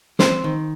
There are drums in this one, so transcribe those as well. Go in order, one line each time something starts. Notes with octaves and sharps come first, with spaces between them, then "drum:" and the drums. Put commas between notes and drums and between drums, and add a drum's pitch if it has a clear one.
C4 C5, drum: snare
D#3